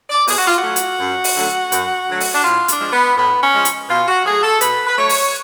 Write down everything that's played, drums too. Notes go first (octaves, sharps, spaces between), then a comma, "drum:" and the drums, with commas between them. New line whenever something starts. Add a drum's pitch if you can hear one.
D5
B2 G#4, drum: open hi-hat
F#4
F4
F#4
F#3 A3
drum: hi-hat
F#2
drum: open hi-hat
D3 F#3 A3
F#2, drum: hi-hat
D3 F#3 A3
drum: open hi-hat
D4
A2 F4
D4, drum: hi-hat
F3 G#3
B3
A2 B3
C#4
F3 G#3
drum: hi-hat
B2 F4
F#4
F#3 A3 G#4
A4
B2 B4, drum: hi-hat
B4
F#3 A3 C#5
drum: open hi-hat